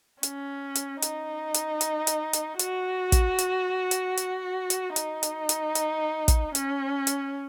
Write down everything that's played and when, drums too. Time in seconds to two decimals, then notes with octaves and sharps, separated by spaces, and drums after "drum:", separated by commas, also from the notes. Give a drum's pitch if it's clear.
0.23 C#4, drum: hi-hat
0.75 drum: hi-hat
1.02 D#4, drum: hi-hat
1.54 drum: hi-hat
1.81 drum: hi-hat
2.07 drum: hi-hat
2.33 drum: hi-hat
2.59 F#4, drum: hi-hat
3.12 drum: kick, hi-hat
3.39 drum: hi-hat
3.91 drum: hi-hat
4.17 drum: hi-hat
4.70 drum: hi-hat
4.96 D#4, drum: hi-hat
5.23 drum: hi-hat
5.49 drum: hi-hat
5.75 drum: hi-hat
6.28 drum: kick, hi-hat
6.55 C#4, drum: hi-hat
7.07 drum: hi-hat